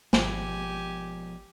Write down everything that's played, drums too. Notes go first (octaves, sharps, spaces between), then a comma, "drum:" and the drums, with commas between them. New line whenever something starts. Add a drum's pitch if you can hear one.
G#1 B2 F3 G#3 G4 G#5, drum: snare